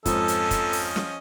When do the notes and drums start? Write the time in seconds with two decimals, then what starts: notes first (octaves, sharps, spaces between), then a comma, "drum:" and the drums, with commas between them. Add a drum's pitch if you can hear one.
0.05 F2 G#2 F3 C#4 A4 D#5, drum: kick, hi-hat
0.28 drum: hi-hat
0.51 drum: kick, hi-hat
0.73 drum: open hi-hat
0.96 drum: snare